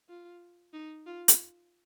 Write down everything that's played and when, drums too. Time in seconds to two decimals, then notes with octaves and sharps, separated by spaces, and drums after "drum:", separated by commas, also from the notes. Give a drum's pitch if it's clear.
0.09 F4
0.74 D#4
1.06 F4
1.28 drum: hi-hat